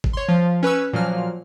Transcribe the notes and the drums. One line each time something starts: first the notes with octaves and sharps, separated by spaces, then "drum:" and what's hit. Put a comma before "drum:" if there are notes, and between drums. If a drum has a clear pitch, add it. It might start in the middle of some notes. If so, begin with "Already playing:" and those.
drum: kick
C#5 C6
F3
C#4 B4 C#6 E6
A#2 F3 F#3 F6